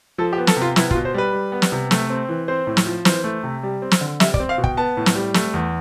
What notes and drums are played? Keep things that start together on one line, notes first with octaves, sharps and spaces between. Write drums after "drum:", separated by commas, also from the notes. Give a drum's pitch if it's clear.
F3 A4
G4
B3
A4, drum: snare
C3
F4
B3 E4, drum: snare
F4, drum: kick
B2
C5
G3 B4
G3
B3
drum: snare
C3
A3, drum: snare
C4
E3
C4 C5
A2
drum: snare
F3
E3 C5, drum: snare
A3
C3
G3
C4
drum: snare
D3
G3 E5, drum: snare
D5, drum: kick
C4
F5
B2
G5, drum: kick
B3 A5
A2
drum: snare
G3
A3, drum: snare
E2